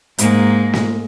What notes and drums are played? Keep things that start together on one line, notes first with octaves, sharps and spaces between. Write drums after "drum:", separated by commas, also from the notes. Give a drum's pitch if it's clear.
G#2 G#3 A#3, drum: hi-hat
drum: snare